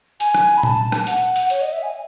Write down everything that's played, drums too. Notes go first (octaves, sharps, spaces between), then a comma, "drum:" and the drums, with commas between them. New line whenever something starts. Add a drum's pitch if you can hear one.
G#5, drum: hi-hat
drum: rim click
B5
A5, drum: tom A#2
drum: rim click
F#5, drum: hi-hat
drum: hi-hat
C#5, drum: hi-hat
D#5
E5
G#5